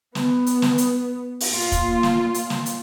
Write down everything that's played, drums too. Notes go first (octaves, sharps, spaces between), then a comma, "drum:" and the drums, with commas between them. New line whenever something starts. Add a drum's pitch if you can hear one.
B3, drum: snare
drum: hi-hat
drum: snare
drum: hi-hat
drum: open hi-hat
A#2 F4
drum: kick, hi-hat
drum: snare
drum: hi-hat
drum: snare
drum: hi-hat